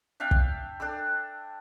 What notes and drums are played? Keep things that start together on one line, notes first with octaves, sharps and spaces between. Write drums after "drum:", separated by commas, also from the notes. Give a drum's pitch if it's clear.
D4 E5 F5 G5
drum: kick
D4 A4 D5 E6